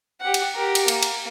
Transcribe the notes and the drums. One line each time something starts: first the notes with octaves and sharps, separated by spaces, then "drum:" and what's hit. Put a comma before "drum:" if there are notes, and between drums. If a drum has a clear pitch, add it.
G4 F#5
drum: cymbal
G4 A#4
drum: cymbal
A#3, drum: cymbal
drum: cymbal